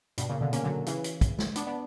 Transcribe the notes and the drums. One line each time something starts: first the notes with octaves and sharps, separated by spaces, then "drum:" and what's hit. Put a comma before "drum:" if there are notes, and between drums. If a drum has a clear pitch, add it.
G2 B2, drum: hi-hat
A#2 C#3
B2 D3
A#3 C#4, drum: hi-hat
D3 F#3
C#3 E3, drum: hi-hat
drum: hi-hat
drum: kick, hi-hat
drum: snare
B3 D4, drum: hi-hat
B3 D4